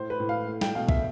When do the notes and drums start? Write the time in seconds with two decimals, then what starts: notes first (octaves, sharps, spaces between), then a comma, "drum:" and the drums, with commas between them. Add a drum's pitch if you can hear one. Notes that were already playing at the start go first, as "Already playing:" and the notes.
Already playing: A2 C5
0.10 B4
0.20 A2
0.29 F5
0.47 A3
0.61 G5, drum: snare
0.75 B2 F5
0.89 E5, drum: kick